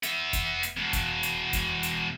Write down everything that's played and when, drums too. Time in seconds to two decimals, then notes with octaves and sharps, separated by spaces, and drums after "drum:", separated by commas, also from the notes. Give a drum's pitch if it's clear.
0.03 B3 E5, drum: hi-hat
0.33 drum: kick F1, hi-hat
0.63 drum: hi-hat
0.77 E2 B2
0.93 drum: kick F1, hi-hat
1.23 drum: hi-hat
1.53 drum: kick F1, hi-hat
1.83 drum: hi-hat